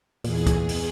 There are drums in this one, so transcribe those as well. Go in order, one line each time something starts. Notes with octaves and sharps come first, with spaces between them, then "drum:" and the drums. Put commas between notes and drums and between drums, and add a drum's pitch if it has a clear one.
E2 A#2 G#4, drum: open hi-hat
drum: kick, hi-hat
drum: open hi-hat